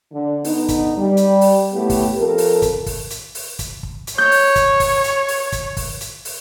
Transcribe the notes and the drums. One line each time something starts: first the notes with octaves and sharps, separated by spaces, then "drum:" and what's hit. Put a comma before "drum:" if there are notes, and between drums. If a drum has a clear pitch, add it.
D3
D3 B3 D#4, drum: open hi-hat
drum: kick, hi-hat
G3
drum: hi-hat
drum: open hi-hat
A2 B3 G4
drum: kick, open hi-hat
F2 A4 A#4
drum: open hi-hat
drum: kick, hi-hat
drum: kick, open hi-hat
drum: hi-hat
drum: open hi-hat
drum: kick, hi-hat
drum: kick
drum: hi-hat
C#5 G6
drum: open hi-hat
drum: kick, hi-hat
drum: kick, open hi-hat
drum: hi-hat
drum: open hi-hat
drum: kick, hi-hat
drum: kick, open hi-hat
drum: hi-hat
drum: open hi-hat